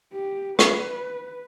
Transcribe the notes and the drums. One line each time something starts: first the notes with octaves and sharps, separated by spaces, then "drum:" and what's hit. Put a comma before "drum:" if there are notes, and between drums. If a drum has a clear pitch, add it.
G4
B4, drum: rim click